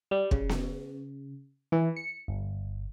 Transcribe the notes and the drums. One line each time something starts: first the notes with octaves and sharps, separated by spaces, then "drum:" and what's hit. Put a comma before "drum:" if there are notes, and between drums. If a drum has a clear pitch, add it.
G3
C#3, drum: kick
drum: snare B3
E3
C#7
G1